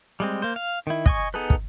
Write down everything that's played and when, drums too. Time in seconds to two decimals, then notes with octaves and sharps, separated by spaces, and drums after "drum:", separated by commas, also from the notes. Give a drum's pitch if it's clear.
0.20 G3 G#3 C4
0.42 A#3 C5
0.56 F5
0.87 D#3 E4
1.06 D#5 G#5 C#6, drum: kick
1.34 B3 D#4 G#4 A4 B4
1.50 drum: kick